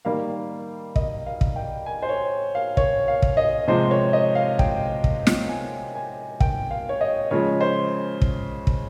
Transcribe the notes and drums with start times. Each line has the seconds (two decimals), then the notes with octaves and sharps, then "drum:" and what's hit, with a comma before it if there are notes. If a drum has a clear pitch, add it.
0.05 D#3 G3 A#3 F5
0.96 D#5, drum: kick
1.26 F5
1.41 drum: kick
1.56 G5
1.86 G#5
2.02 C5
2.09 C#5
2.55 F5
2.77 C#5, drum: kick
3.08 F5
3.22 drum: kick
3.37 D#5
3.68 C3 F3 G#3 C5
3.91 C#5
4.13 D#5
4.35 F5
4.59 G5, drum: kick
5.04 drum: kick
5.27 drum: snare
5.49 G#5
5.95 G#5
6.40 G5, drum: kick
6.71 F5
6.89 C#5
7.01 D#5
7.31 C#3 F3 G#3 C#5
7.61 C5
8.22 drum: kick
8.67 drum: kick